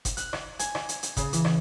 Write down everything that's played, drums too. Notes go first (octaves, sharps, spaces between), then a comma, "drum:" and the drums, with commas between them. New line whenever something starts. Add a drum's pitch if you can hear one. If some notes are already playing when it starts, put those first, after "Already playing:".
drum: kick F#1, hi-hat
F#6, drum: hi-hat
drum: rim click
G#5, drum: hi-hat
drum: rim click
drum: hi-hat
drum: hi-hat
C#3, drum: kick F#1, hi-hat
E3, drum: hi-hat
drum: rim click